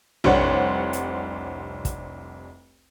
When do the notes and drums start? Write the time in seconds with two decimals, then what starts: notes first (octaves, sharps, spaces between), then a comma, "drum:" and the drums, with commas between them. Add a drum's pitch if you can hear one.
0.24 F1 C2 D4 C5 C#5 F#5, drum: tom A#1
0.93 drum: hi-hat
1.85 drum: kick, hi-hat